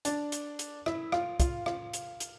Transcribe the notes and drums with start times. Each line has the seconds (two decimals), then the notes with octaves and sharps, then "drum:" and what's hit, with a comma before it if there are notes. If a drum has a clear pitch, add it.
0.05 D4 D5, drum: hi-hat
0.32 drum: hi-hat
0.59 drum: hi-hat
0.86 E4 E5, drum: rim click
1.12 F4 F5, drum: rim click
1.40 F4 F5, drum: kick, hi-hat
1.66 F4 F5, drum: rim click
1.94 drum: hi-hat
2.20 drum: hi-hat